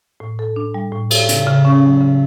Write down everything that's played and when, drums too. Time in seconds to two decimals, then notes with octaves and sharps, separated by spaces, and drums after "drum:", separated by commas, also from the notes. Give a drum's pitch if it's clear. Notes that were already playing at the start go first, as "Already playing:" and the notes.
0.20 A2
0.39 A4
0.56 D4
0.74 G3
0.92 A2
1.11 A4, drum: cymbal
1.29 C#3, drum: hi-hat
1.47 C#3
1.65 C#4
1.83 F#3
2.01 C#3